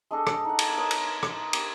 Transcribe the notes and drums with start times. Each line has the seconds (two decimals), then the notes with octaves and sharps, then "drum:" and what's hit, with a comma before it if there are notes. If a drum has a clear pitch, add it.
0.11 G#3 D4 A4 D#5
0.27 drum: rim click
0.45 D#4 F#5
0.59 drum: cymbal
0.78 A#4 C#5 D#5
0.91 drum: cymbal
1.23 drum: rim click
1.53 G4 A#4, drum: cymbal